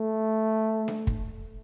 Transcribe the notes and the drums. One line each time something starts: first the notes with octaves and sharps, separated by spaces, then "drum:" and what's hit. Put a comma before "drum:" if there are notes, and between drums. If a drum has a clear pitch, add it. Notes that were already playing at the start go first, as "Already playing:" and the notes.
Already playing: A3
drum: snare D4
drum: kick